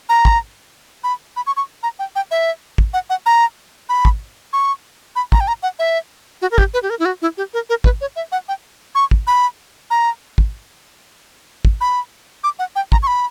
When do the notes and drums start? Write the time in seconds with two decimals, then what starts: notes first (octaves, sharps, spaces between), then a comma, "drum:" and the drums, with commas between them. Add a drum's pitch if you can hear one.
0.09 A#5
0.25 drum: kick
1.04 B5
1.36 B5
1.47 C#6
1.57 C#6
1.83 A#5
1.99 G5
2.16 G5
2.31 E5
2.78 drum: kick
2.94 F#5
3.10 F#5
3.26 A#5
3.89 B5
4.05 drum: kick
4.53 C#6
5.16 B5
5.32 A#5, drum: kick
5.40 G5
5.48 A#5
5.63 F#5
5.79 E5
6.42 F#4
6.51 A#4
6.58 G4, drum: kick
6.74 B4
6.83 G4
6.90 A#4
6.99 E4
7.05 F#4
7.22 E4
7.37 G4
7.54 A#4
7.70 A#4
7.84 B4, drum: kick
8.01 C#5
8.16 E5
8.32 F#5
8.48 G5
8.95 C#6
9.11 drum: kick
9.27 B5
9.90 A#5
10.38 drum: kick
11.65 drum: kick
11.81 B5
12.44 D6
12.59 F#5
12.76 G5
12.92 A#5, drum: kick
13.03 C#6
13.07 B5